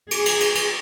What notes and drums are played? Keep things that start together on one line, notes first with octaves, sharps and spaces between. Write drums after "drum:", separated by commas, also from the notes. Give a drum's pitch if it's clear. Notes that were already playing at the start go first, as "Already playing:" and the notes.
G#4, drum: cymbal
drum: cymbal
drum: cymbal
drum: cymbal